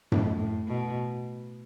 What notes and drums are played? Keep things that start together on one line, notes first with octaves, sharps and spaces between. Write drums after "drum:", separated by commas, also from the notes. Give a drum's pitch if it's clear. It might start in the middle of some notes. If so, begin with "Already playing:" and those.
A2, drum: tom F#2
A2
B2